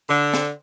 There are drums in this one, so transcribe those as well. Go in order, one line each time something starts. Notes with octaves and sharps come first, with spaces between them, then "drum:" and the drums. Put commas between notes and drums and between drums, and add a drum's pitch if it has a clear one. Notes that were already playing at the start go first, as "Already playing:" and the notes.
D3
drum: snare